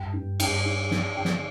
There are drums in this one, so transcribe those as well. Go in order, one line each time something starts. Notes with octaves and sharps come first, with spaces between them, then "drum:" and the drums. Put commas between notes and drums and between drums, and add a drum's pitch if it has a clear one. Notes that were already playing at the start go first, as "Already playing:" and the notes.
Already playing: G2 G5
G2
G2 G5, drum: cymbal
D4
D4, drum: snare
D3 G5
drum: snare